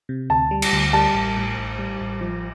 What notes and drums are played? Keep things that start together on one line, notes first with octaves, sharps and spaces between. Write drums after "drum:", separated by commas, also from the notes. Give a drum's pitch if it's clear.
C3
D2 A5
G3
drum: cymbal
D2
G3 A5
A1
A2
A1
G3
A1
F3